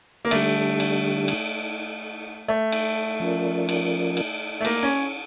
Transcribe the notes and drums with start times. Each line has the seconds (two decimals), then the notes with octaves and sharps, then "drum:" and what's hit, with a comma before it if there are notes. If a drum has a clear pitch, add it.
0.25 A#3
0.31 D3 G3 A3 D4 G4, drum: cymbal
0.80 drum: cymbal
1.28 drum: cymbal
2.48 A3
2.72 drum: cymbal
3.20 F3 C#4 F4 A#4 D5
3.69 drum: cymbal
4.17 drum: cymbal
4.61 A3
4.65 A#3, drum: cymbal
4.83 C#4